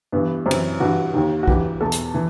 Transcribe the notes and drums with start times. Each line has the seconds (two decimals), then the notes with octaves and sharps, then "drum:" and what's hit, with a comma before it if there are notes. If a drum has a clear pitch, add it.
0.12 G2 E3 B3
0.46 F#2 C4
0.51 E3, drum: cymbal
0.80 G2 E3 F#4
1.14 D#2 D#3
1.43 F#4
1.47 G2 E3 G4, drum: kick B1
1.81 E2 B2 A4
1.92 drum: hi-hat
2.14 E3